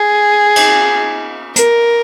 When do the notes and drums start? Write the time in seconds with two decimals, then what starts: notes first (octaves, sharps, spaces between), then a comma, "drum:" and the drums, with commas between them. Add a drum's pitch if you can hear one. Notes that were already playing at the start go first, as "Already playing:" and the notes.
Already playing: G#4
0.56 drum: cymbal
1.56 A#4, drum: hi-hat